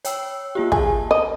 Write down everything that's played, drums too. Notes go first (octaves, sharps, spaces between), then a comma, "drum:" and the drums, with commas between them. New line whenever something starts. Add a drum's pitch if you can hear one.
C#5 G5 E6, drum: hi-hat
A#3 F4 G4
G#4 A5, drum: kick
D#5